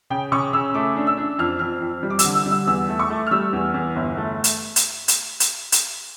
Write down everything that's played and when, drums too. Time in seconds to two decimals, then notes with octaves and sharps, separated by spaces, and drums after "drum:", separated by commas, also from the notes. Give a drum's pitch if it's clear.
0.10 C#3 G5
0.32 C#3 C#6
0.53 C#3 E6
0.74 A3 D6
0.96 D4
1.07 E6
1.17 D4
1.39 F2 F6
1.59 F2 F6
1.81 F2
2.03 G3
2.10 D6
2.19 E6, drum: hi-hat
2.24 D3
2.35 E6
2.46 G3
2.51 E6
2.67 E2 E6
2.89 A3
2.99 C#6
3.10 A3
3.27 F6
3.31 G3 E6
3.53 E2
3.74 E2
3.96 G1
4.17 A3
4.44 drum: hi-hat
4.76 drum: hi-hat
5.08 drum: hi-hat
5.40 drum: hi-hat
5.72 drum: hi-hat